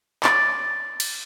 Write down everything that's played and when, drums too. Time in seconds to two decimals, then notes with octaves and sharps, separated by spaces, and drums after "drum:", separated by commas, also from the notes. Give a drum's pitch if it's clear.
0.23 D5, drum: clap
1.00 drum: cymbal